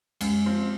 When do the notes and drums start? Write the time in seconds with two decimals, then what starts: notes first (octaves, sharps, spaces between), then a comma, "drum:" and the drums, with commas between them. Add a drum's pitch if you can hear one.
0.21 F#2 G#3, drum: cymbal
0.45 F3 C4 F4